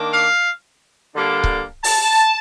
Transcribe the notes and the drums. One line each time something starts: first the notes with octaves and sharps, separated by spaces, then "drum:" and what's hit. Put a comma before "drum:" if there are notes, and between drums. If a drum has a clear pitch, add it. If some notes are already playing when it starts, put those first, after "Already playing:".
Already playing: D#3 A#3 D4
F5
D3 G3 A#3 D4
drum: kick C#1
A5, drum: open hi-hat